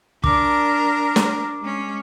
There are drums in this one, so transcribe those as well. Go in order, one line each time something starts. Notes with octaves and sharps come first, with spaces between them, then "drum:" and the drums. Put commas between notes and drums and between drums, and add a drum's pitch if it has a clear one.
D4 A#4 D6, drum: kick
drum: snare
G#3 C#4